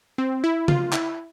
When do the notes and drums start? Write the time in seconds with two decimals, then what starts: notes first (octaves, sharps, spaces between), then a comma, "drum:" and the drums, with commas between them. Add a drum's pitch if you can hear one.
0.18 C4
0.44 E4
0.68 F4, drum: tom C#3
0.93 E4, drum: clap